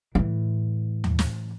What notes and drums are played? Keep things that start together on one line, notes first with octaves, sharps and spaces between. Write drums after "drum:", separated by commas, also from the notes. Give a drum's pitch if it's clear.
A2 E3
drum: tom D#2
drum: snare